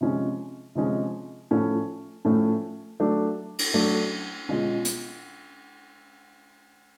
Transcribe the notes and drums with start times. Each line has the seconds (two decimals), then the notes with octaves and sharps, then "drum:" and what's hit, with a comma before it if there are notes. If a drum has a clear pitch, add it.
0.01 C3 F3 G#3 C#4
0.75 C3 F3 G#3 C#4
1.51 A2 F3 A3 C#4
2.25 A2 F3 A3 C#4
3.00 F#3 A3 D4
3.59 drum: cymbal
3.74 F#3 A3 D4
4.49 B2 G#3 C#4 F4
4.85 drum: hi-hat